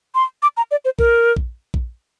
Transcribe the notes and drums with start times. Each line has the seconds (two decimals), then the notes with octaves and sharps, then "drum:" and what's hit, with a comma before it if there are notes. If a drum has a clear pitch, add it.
0.15 C6
0.42 D6
0.57 A#5
0.71 D5
0.85 C5
0.99 A#4, drum: kick A#1
1.36 drum: kick A#1
1.74 drum: kick A#1